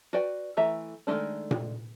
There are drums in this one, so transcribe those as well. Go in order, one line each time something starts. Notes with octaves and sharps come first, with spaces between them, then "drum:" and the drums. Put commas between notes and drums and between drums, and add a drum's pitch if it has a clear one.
F#4 B4 D5 G5
E3 A3 E5 A#5
D#3 F3 G#3 A3 D4
drum: tom A#2